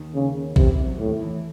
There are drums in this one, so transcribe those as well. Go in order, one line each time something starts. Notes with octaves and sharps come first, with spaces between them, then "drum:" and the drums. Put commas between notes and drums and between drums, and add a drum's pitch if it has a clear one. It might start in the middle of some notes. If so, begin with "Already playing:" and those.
Already playing: D#2 D#3
C#3
E2 C3 E3, drum: kick A#1
E2 E3
F#2 F#3
D#2 A2 D#3
E2 E3